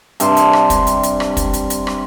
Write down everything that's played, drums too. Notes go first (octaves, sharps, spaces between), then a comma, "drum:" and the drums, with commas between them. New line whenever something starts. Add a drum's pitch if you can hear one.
G2 C3 C5, drum: hi-hat
drum: hi-hat
drum: rim click
drum: kick, hi-hat
drum: hi-hat
drum: hi-hat
drum: rim click
drum: kick, hi-hat
drum: hi-hat
drum: hi-hat
drum: rim click